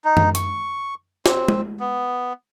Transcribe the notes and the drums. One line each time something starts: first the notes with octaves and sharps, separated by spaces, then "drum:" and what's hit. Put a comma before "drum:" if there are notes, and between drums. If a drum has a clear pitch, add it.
D#4
drum: tom F#2
C#6, drum: hi-hat
C4, drum: snare
drum: tom G#3
B3